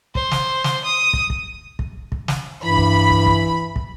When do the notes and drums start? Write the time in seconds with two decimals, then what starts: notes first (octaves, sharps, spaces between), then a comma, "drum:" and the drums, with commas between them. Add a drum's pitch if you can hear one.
0.15 C5, drum: kick
0.31 drum: snare
0.64 drum: snare
0.84 D#6
1.13 drum: kick
1.30 drum: kick
1.79 drum: kick
2.12 drum: kick
2.28 drum: snare
2.64 G2 E3 B5
2.77 drum: kick
3.10 drum: kick
3.26 drum: kick
3.76 drum: kick